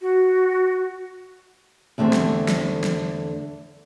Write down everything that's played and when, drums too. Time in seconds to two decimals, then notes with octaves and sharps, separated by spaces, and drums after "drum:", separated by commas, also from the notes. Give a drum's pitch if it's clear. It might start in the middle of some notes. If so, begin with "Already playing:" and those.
0.01 F#4
1.98 E2 D3 A3 C4 G4 C5
2.13 drum: snare
2.48 drum: snare
2.84 drum: snare